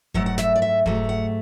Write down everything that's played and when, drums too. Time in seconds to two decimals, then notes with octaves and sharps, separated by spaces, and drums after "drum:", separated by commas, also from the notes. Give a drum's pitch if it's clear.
0.14 G#2 F#3 A3 F#5, drum: kick F1
0.26 F#5
0.38 E5, drum: snare
0.56 D5
0.62 E5
0.86 G#2 F#3 A3, drum: kick F1
1.09 F#5